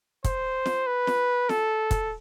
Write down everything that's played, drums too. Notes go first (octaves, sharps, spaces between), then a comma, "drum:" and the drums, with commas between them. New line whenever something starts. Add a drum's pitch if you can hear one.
C5, drum: kick, hi-hat
drum: snare
B4
drum: snare
A4, drum: snare
drum: kick, hi-hat